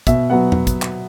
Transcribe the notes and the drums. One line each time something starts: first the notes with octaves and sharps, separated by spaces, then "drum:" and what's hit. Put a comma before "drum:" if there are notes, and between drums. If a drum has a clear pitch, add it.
B2 E5, drum: kick, hi-hat
F#3 B3 F#5
drum: tom E2
drum: kick, hi-hat
drum: clap